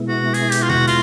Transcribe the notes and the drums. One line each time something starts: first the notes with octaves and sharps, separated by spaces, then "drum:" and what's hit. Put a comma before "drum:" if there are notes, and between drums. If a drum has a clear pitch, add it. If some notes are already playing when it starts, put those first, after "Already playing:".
Already playing: B2 G#3 B3 E4
F#4
G#4, drum: open hi-hat
G4, drum: hi-hat
F4
F#4, drum: tom B2
F4, drum: open hi-hat